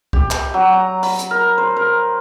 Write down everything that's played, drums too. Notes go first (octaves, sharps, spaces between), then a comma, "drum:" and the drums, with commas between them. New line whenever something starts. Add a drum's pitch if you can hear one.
G4, drum: kick C2
drum: clap
F#3
A#5
B5, drum: open hi-hat
drum: hi-hat
A#4
C5
A#4